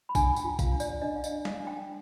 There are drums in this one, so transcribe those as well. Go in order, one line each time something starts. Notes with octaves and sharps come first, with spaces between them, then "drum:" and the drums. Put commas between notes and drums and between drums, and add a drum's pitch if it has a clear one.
B5
D4 G#5, drum: kick A#1, tambourine
G5, drum: tambourine
F4
F5, drum: kick A#1, tambourine
D4
D5, drum: tambourine
D4 D#5
F5
D#5, drum: tambourine
D4
F5, drum: snare
D4
G5